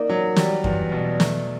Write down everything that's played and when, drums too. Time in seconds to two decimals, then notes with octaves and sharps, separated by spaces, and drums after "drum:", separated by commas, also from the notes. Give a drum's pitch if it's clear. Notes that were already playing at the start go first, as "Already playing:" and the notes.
Already playing: A#3 D#4 D5
0.09 F#3
0.36 G3, drum: snare
0.64 E2, drum: kick F#2
0.92 B2
1.20 A3, drum: snare